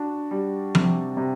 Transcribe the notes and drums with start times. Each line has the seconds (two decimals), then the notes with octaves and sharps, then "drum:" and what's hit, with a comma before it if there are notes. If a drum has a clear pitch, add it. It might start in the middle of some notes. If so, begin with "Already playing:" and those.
Already playing: D4 F#4
0.31 G3
0.75 C3, drum: tom F3
1.17 C3